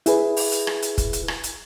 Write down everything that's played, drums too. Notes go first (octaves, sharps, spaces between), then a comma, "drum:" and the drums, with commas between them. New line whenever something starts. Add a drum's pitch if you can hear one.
E4 G#4 B4, drum: hi-hat
drum: open hi-hat
drum: hi-hat
drum: rim click
drum: hi-hat
drum: kick, hi-hat
drum: hi-hat
drum: rim click
drum: hi-hat